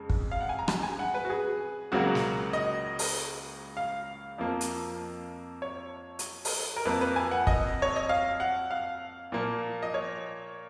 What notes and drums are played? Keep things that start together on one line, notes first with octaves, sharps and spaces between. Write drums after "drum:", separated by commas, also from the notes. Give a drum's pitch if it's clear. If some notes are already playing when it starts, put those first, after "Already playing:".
Already playing: F2 C#3 G#3
drum: kick
F5
F#5
G#5
A#5
B5, drum: rim click
G#5
F#5
B4
F#4
G#4
C#2 C#3 F#3 A#3 F#4
drum: snare
D#5
drum: open hi-hat
F5
F2 F3 A#3
drum: hi-hat
C#5
drum: hi-hat
drum: open hi-hat
A#4
F2 F3 A#3 B4
B4
G#5
F#5
D#5, drum: kick
C#5
D#5
F5
F#5
F5
A#2 F3 A#3
D#5
C#5